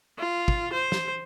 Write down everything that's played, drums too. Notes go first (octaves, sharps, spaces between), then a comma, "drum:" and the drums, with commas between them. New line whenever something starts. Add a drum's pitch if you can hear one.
F4
drum: kick
C5
drum: snare